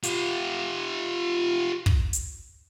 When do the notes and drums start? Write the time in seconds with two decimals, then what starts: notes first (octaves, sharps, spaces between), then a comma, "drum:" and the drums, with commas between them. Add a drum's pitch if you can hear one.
0.03 F4 G4, drum: hi-hat
1.86 drum: kick
2.13 drum: hi-hat